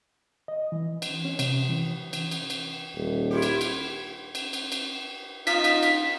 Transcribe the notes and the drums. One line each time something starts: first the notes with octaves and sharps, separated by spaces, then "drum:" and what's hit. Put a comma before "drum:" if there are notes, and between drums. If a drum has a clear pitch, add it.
D#5
E3
drum: cymbal
C#4
C3, drum: cymbal
E3
drum: cymbal
drum: cymbal
drum: cymbal
D#1
E4 F4 G4
drum: cymbal
drum: cymbal
drum: cymbal
drum: cymbal
drum: cymbal
D#4 F4 B6, drum: cymbal
drum: cymbal
drum: cymbal